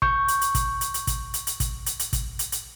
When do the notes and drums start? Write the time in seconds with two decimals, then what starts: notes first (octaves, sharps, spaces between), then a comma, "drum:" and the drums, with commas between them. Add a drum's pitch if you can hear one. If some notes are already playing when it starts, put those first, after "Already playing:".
0.02 C#6 G6, drum: kick
0.28 drum: hi-hat
0.41 drum: hi-hat
0.55 drum: kick, hi-hat
0.81 drum: hi-hat
0.94 drum: hi-hat
1.07 drum: kick, hi-hat
1.34 drum: hi-hat
1.47 drum: hi-hat
1.60 drum: kick, hi-hat
1.86 drum: hi-hat
1.99 drum: hi-hat
2.13 drum: kick, hi-hat
2.39 drum: hi-hat
2.52 drum: hi-hat